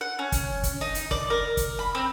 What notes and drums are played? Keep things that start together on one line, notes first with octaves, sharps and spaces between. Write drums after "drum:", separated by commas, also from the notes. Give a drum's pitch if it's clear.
F#5
C#4
drum: kick, hi-hat
drum: kick, hi-hat
D#4
drum: hi-hat
D5, drum: kick
A#4
drum: kick, hi-hat
B5
C4